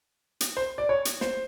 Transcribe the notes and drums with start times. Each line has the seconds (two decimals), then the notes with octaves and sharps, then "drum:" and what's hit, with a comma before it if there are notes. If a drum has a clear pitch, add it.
0.41 drum: hi-hat
0.57 C5
0.78 D5
0.89 C#5
1.05 drum: hi-hat
1.21 C5, drum: snare